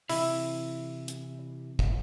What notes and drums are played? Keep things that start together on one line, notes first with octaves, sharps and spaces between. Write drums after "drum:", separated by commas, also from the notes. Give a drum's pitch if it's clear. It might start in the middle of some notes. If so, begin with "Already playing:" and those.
C3 E3 E4, drum: open hi-hat
drum: hi-hat
drum: kick